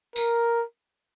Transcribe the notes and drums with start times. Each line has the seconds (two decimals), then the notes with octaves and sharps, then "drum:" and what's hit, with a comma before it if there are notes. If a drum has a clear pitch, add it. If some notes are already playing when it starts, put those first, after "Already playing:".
0.16 A#4, drum: tambourine